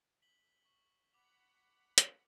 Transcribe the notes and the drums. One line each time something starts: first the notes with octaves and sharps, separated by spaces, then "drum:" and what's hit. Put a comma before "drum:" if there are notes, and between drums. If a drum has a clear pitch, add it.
B6 F#7 G7
C#6
F#5 B5 D6 F7
drum: hi-hat